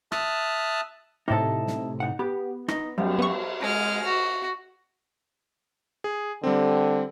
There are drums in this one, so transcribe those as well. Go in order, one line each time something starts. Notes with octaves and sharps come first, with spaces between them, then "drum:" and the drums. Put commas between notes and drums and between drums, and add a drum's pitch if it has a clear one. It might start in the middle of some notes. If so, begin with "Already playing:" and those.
E5 A5 D#6 F6 F#6, drum: rim click
A2 C3 D#4 E4 A4
drum: snare
D#4 F#5
B3 G4
D#4, drum: rim click
F#2 G3, drum: cymbal
B3 C#6
G#3 F6
F#4
G#4
D3 G3 C4